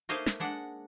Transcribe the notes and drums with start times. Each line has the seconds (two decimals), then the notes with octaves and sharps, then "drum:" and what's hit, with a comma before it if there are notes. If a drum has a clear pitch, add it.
0.09 A3 A#3 D#4 C5 D#5
0.26 drum: snare
0.40 G#3 D4 F#5